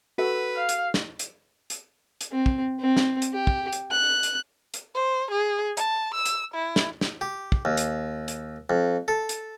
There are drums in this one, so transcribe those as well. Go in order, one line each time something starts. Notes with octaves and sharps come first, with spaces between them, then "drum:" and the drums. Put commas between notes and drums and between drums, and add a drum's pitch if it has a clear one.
F#4 A4 B4 E5
F5
drum: hi-hat
drum: snare
drum: hi-hat
drum: hi-hat
drum: hi-hat
C4
drum: kick
C4
drum: snare
drum: hi-hat
G4
drum: kick
drum: hi-hat
F#6
drum: hi-hat
drum: hi-hat
C5
G#4
A5, drum: hi-hat
E6
drum: hi-hat
E4
drum: snare
drum: snare
G4
drum: kick
D#2
drum: hi-hat
drum: hi-hat
F2
A4
drum: hi-hat